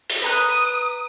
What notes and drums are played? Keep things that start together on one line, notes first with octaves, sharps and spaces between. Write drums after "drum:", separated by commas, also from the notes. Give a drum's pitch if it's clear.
drum: open hi-hat
B4 A#5 D#6 F#6